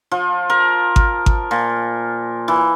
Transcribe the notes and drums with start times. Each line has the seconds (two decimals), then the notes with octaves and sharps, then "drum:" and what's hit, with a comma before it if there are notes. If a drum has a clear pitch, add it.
0.11 F3
0.50 A#4
0.96 drum: kick G#1
1.26 drum: kick G#1
1.51 A#2
2.48 E3